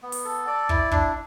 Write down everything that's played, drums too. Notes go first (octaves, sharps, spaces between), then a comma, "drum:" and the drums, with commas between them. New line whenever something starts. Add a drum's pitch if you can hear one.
B3
drum: open hi-hat
A4
D5
E4, drum: kick
D4, drum: kick